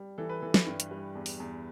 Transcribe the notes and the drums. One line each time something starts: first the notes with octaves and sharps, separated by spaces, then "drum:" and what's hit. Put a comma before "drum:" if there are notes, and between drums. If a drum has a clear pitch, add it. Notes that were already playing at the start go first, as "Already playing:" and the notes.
Already playing: G3
E3 A4
B4
E3 A4
B4, drum: snare
G2
drum: hi-hat
G3
E2
drum: open hi-hat
E2